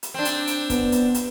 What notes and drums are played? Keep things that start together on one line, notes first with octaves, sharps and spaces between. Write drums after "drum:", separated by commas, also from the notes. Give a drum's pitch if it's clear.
drum: hi-hat
C4 D4
drum: hi-hat
drum: hi-hat
B3, drum: kick C#1, hi-hat
drum: hi-hat
drum: hi-hat